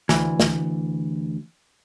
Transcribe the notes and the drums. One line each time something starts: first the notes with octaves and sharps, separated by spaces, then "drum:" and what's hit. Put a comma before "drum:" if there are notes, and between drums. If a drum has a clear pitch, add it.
D2 E3, drum: snare
drum: snare